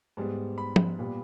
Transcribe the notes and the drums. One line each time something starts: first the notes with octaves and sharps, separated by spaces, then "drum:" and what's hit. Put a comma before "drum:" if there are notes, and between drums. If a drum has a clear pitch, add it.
G#2 G3 B3
B5
drum: tom
A#2 G3 B3